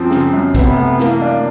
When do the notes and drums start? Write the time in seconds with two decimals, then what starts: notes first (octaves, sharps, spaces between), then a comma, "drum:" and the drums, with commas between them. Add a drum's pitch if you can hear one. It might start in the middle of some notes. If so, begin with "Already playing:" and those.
Already playing: F#2 F3 C4
0.11 C#3, drum: snare
0.33 F#2
0.55 C3 B3, drum: kick, hi-hat
0.77 A3
0.99 E3 A#3, drum: snare
1.21 D4